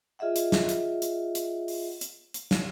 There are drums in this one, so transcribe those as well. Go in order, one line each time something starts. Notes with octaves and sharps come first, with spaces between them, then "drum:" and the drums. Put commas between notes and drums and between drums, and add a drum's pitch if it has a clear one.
F4 G#4 D#5 E5 F#5
drum: hi-hat
drum: snare
drum: hi-hat
drum: hi-hat
drum: hi-hat
drum: open hi-hat
drum: hi-hat
drum: hi-hat
drum: snare